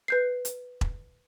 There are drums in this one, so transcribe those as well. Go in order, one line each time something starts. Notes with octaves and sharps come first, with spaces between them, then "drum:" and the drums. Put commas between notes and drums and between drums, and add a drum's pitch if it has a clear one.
B4 G6 C7
drum: hi-hat
drum: kick E1